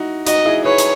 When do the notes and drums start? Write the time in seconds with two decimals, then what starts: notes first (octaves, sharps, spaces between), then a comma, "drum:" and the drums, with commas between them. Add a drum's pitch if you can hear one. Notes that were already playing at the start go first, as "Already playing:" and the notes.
Already playing: D#4 E4 F#4
0.27 D#4 F#4 D#5, drum: hi-hat
0.46 E4 G#4
0.65 G#4 B4 C#5
0.78 drum: hi-hat